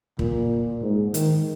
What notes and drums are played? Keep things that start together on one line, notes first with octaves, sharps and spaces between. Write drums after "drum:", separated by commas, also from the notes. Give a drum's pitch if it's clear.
A#2, drum: kick
G#2
D#3, drum: hi-hat